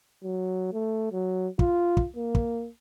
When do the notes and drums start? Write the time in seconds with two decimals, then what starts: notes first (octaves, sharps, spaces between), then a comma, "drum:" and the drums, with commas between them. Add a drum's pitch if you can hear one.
0.23 F#3
0.73 A3
1.12 F#3
1.59 F4, drum: kick
1.97 drum: kick
2.16 A#3
2.35 drum: kick